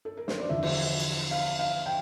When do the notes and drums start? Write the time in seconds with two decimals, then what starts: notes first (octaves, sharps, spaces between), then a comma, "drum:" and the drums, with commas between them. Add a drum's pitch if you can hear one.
0.05 A4
0.17 A#4
0.28 C5, drum: snare
0.40 D5
0.49 E2 D3 F3 E5
0.63 drum: cymbal
1.00 drum: cymbal
1.31 F5
1.59 F5
1.86 G5